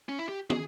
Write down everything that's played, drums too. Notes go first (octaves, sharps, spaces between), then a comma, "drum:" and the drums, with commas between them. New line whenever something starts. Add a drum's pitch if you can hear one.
C#4
E4
G4
G#4, drum: tom